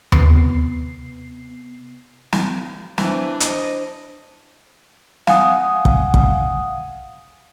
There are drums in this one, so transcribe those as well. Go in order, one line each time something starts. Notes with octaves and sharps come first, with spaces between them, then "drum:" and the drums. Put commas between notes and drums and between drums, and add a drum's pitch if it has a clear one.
C3 B3 C7, drum: tom D#2
drum: snare
E3 D4 C5 G#5, drum: snare
C5 D#5, drum: hi-hat
F5 F#5 G#5 D#6, drum: snare
drum: kick
drum: kick